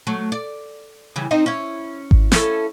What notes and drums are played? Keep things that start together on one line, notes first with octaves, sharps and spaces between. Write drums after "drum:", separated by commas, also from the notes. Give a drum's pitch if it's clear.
F#3 A3
D5
C#3 E3 G3
C4 D#4 D#5
C#4 E4
drum: kick G#1
C#4 E4 A4, drum: snare